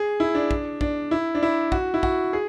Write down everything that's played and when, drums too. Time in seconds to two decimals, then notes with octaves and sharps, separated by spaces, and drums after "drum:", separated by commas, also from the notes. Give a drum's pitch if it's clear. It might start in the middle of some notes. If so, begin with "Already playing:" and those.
Already playing: G#4
0.20 E4
0.35 D4
0.51 drum: kick
0.81 D4, drum: kick
1.11 E4
1.35 D4
1.43 E4
1.72 F#4, drum: kick
1.94 E4
2.03 F#4, drum: kick
2.33 G#4